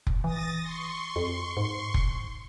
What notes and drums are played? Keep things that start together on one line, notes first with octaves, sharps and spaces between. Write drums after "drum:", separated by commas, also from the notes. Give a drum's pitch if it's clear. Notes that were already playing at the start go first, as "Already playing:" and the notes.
drum: kick F1
E3 D#6 A6 A#6
C6 C#6
F2
G#2
drum: kick F1